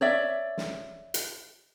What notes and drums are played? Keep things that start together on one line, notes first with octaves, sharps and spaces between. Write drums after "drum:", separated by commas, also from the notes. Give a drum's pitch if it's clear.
C#5 D5 E5
drum: snare
drum: hi-hat